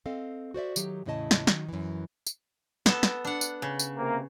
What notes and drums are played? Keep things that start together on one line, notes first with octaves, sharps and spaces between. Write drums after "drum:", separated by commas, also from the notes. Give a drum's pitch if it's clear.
C4 A4 D#5 F5
F#4 C5 D5 E5
D#3 F#3 G4, drum: tambourine
E2 A2 C#3 E4 D#5 A5
drum: snare
D#3 F#3, drum: snare
F#2 E3
drum: tambourine
B3 A4, drum: snare
drum: snare
D4 F#5
drum: tambourine
C#3
drum: tambourine
C3 A#3